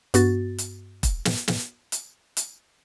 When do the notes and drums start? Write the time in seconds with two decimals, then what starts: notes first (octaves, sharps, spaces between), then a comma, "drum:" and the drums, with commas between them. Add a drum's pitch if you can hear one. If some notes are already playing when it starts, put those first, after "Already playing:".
0.14 G2 B3 F#4 A6, drum: hi-hat
0.58 drum: hi-hat
1.03 drum: kick E1, hi-hat
1.25 drum: snare
1.48 drum: snare
1.92 drum: hi-hat
2.37 drum: hi-hat